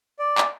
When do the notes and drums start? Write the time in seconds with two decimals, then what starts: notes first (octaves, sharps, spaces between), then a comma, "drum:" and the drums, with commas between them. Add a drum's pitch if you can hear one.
0.19 D5
0.38 drum: clap